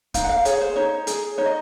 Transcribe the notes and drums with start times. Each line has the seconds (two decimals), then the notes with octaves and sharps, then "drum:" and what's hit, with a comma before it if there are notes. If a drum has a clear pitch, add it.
0.14 D#4 F5, drum: kick D1, hi-hat
0.24 F#5
0.29 F5
0.45 G#4 C#5, drum: hi-hat
0.61 C5
0.76 D#4 C#5
1.07 G#4, drum: hi-hat
1.38 D#4 C#5
1.46 D#5